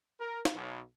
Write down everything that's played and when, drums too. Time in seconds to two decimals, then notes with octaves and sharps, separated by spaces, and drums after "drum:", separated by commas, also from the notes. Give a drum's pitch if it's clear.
0.19 A#4
0.45 drum: snare
0.54 B1